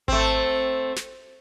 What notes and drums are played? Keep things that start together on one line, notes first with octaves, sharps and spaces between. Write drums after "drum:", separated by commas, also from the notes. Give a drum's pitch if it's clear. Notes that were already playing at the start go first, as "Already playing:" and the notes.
A3 C4, drum: kick G#1
drum: snare